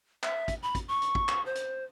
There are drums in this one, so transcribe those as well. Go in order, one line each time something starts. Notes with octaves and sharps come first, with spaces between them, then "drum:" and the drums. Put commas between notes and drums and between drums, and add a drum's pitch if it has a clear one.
E5, drum: clap
drum: kick, hi-hat
B5
drum: kick, hi-hat
C#6
drum: hi-hat
drum: kick
drum: clap
C5
drum: hi-hat